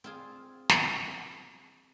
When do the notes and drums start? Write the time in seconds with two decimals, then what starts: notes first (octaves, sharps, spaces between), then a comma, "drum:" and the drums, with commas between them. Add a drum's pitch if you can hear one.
0.04 C4 F4 G#4
0.69 drum: snare